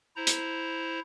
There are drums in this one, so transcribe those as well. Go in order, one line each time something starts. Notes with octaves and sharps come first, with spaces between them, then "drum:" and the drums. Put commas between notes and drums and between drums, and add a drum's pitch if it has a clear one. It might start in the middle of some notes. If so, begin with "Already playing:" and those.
E4 C5 A#5
drum: hi-hat